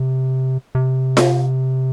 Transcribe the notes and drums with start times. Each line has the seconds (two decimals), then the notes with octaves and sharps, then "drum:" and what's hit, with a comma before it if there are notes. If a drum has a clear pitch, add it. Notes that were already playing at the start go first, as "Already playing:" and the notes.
Already playing: C3
0.75 C3
1.17 drum: snare F4